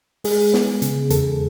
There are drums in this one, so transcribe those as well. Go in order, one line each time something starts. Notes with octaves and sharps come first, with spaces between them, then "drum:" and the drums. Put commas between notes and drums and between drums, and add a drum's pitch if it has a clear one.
G#3 G#4, drum: open hi-hat
B3, drum: snare
C#3, drum: hi-hat
E2 A4, drum: hi-hat